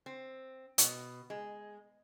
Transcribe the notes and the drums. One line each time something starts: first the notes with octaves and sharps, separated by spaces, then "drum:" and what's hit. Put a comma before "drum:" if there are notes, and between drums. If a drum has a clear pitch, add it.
C4
B2, drum: hi-hat
G#3